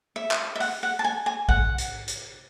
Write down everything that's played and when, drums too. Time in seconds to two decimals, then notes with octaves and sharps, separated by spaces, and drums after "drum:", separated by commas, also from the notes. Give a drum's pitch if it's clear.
0.16 E5
0.31 drum: clap
0.55 E5
0.60 F#5, drum: open hi-hat
0.83 F#5
0.99 A5
1.04 G#5
1.26 G#5
1.49 F#5, drum: kick A#1
1.78 drum: hi-hat
2.08 drum: hi-hat